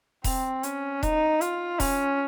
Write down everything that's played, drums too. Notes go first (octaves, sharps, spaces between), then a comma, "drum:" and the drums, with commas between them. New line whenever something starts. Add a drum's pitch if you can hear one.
C4, drum: kick E1, open hi-hat
C#4, drum: hi-hat
D#4, drum: kick E1, hi-hat
F4, drum: hi-hat
C#4, drum: kick E1, open hi-hat